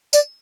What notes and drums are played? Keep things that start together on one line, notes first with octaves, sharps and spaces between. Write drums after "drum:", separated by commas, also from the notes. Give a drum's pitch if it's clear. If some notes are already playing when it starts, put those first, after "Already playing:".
D5, drum: tambourine